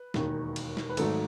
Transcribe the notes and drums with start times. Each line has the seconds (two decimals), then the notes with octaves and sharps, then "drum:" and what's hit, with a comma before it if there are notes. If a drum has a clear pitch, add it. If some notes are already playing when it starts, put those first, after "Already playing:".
Already playing: B4
0.14 E1 D#2 D#3, drum: snare
0.56 drum: cymbal
0.77 drum: snare
0.89 B4
0.97 G#1 G#2 F#3 A3 A4, drum: cymbal